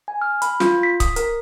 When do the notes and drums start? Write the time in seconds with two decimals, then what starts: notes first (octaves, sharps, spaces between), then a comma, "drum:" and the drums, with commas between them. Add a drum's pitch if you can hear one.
0.08 G#5
0.22 F6
0.42 B5, drum: hi-hat
0.60 F4, drum: snare
0.83 B6
1.00 D#6, drum: kick C#1, hi-hat
1.16 A#4, drum: hi-hat